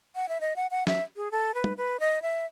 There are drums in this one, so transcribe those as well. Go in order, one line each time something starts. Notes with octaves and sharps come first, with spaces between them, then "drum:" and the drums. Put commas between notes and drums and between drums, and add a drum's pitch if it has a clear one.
F#5
E5
D#5
F#5
F#5
E5, drum: snare
G#4
A4
B4
drum: tom
B4
D#5
E5